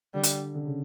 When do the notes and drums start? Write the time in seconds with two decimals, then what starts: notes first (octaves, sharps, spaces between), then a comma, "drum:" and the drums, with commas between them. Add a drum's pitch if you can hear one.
0.14 D3 G3
0.24 drum: hi-hat
0.54 D3
0.65 C#3